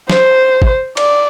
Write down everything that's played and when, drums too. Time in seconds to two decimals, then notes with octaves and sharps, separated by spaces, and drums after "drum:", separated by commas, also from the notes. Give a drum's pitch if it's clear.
0.10 C5, drum: snare
0.62 drum: kick
0.97 D5, drum: cymbal